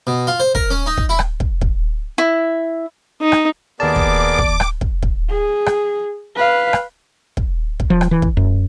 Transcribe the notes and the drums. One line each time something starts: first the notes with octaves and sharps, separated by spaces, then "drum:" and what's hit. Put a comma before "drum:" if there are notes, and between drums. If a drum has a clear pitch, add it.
B2
F4
C5
A#4, drum: kick
C#4
D#4
drum: kick
E4
drum: rim click
drum: kick
drum: kick
E4
D#4
drum: rim click
D#2 B3 G#4 A#4 D5 A5 D6
drum: kick
drum: kick
drum: rim click
drum: kick
drum: kick
G#4
drum: rim click
B4 F5
drum: rim click
drum: kick
drum: kick
F3
drum: rim click
E3
drum: kick
F#2